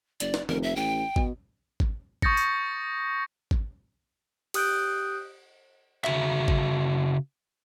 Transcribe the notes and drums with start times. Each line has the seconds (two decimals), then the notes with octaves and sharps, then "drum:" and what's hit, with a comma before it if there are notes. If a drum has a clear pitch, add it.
0.20 F#1 D5, drum: hi-hat
0.34 drum: snare
0.49 F1 A#4, drum: tom D#3
0.63 E5
0.76 A1 G5
1.16 B2, drum: kick G#1
1.80 drum: kick G#1
2.22 C#6 D#6 G6 A6 A#6 C#7, drum: kick G#1
2.37 drum: tambourine
3.51 drum: kick G#1
4.54 G4 D#6 F#6 G6 D7, drum: cymbal
6.04 C#3 F#4 E5, drum: clap
6.48 drum: kick G#1